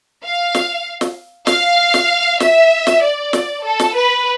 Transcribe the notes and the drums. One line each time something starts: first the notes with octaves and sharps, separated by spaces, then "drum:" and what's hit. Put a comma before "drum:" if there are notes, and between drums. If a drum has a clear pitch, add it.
F5
drum: snare
drum: snare
F5, drum: snare
drum: snare
E5, drum: snare
drum: snare
D5
drum: snare
A4
drum: snare
B4